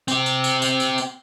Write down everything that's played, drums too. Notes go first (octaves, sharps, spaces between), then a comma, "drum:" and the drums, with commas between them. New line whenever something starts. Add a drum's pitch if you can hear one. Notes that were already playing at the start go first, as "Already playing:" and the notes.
C4 G4, drum: tambourine
drum: tambourine
drum: tambourine
drum: tambourine
drum: tambourine
drum: tambourine